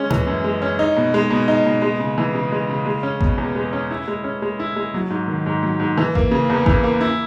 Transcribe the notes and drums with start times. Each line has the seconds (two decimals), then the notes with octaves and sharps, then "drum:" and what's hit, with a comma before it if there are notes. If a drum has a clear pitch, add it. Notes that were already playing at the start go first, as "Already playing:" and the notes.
Already playing: G#3 C#4
0.10 E3, drum: tom A2
0.27 F#2
0.44 G#3
0.62 C#4
0.79 D#4
0.97 B2
1.14 G#3
1.31 B2
1.48 D#4
1.65 B2
1.82 G#3
2.00 C#3
2.18 E3
2.35 C#3
2.52 G#3
2.70 C#3
2.86 G#3
3.03 C#4
3.21 B2, drum: kick A1
3.38 E2
3.56 G#3
3.73 C#4
3.91 E4
4.08 G#3
4.24 C#4
4.42 G#3
4.60 E4
4.76 G#3
4.94 F#3
5.10 G#2
5.28 D#3
5.46 G#2
5.63 F#3
5.80 G#2
5.98 E3
6.15 A#3, drum: kick A1
6.31 C#3
6.50 E2
6.66 E3, drum: kick A1
6.84 A#3
7.01 E4